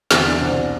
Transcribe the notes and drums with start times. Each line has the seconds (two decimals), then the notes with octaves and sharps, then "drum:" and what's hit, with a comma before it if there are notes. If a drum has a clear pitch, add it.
0.11 E2 C3 E3 E4, drum: snare
0.26 D4
0.41 C2 B2 C4